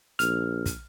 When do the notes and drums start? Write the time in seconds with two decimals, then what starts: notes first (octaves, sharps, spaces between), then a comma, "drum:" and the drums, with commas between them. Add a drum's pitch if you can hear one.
0.19 A#1 F6, drum: hi-hat
0.66 drum: kick, hi-hat